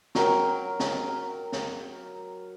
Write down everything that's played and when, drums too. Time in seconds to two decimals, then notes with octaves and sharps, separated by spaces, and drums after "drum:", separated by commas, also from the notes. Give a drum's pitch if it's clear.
0.15 F#3 A#4 G5, drum: snare
0.80 drum: snare
1.52 drum: snare